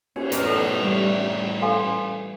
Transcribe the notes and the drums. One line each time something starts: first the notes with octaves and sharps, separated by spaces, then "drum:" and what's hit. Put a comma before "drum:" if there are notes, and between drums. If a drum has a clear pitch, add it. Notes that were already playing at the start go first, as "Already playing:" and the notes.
C#4, drum: cymbal
E2 A2 D#4 D6 F6, drum: hi-hat
A4 D5 A5
G3 G4 C#6
A4 F5 G#5 C6